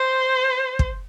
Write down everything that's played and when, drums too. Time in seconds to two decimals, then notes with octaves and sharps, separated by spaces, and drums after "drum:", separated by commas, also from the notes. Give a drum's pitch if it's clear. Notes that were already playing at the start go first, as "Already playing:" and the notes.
Already playing: C5
0.79 drum: kick